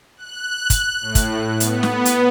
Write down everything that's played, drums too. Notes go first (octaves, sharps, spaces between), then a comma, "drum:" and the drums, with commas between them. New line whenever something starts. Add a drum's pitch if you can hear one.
F#6
drum: kick, hi-hat
A2
drum: kick, hi-hat
B3, drum: hi-hat
drum: snare
drum: hi-hat